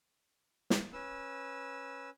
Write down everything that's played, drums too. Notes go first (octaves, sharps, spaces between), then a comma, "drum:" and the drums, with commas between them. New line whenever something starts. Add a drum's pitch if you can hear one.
drum: snare
C#4 B4 E6